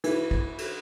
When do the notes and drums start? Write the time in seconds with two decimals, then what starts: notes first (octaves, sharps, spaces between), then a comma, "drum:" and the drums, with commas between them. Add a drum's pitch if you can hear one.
0.04 E3, drum: cymbal
0.31 drum: kick
0.58 drum: cymbal